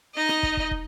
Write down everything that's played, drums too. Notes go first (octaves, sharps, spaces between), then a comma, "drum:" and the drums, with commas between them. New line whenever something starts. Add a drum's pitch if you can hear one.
D#4 D#5
drum: rim click
drum: kick
drum: kick
drum: kick